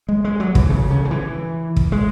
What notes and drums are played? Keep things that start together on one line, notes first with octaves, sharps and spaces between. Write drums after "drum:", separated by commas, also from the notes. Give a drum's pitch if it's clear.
G#3
G#3
F#3
E3, drum: kick
C#3
C#3
C#3
E3
drum: kick
G#3